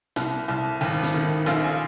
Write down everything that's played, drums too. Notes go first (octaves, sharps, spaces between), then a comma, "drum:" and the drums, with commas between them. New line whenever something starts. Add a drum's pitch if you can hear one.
C2, drum: snare
C2
G#1
drum: snare
D#3
A#1 F5, drum: snare
G#5